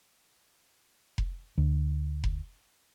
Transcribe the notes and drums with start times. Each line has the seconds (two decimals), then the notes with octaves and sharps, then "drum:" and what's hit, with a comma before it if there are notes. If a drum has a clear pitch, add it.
1.18 drum: kick F1
1.58 D2
2.24 drum: kick F1